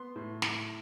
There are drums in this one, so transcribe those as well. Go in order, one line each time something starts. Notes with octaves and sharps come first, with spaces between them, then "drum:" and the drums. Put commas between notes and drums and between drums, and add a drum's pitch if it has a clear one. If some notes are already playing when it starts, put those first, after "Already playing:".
Already playing: B3 C6
A2
A2, drum: snare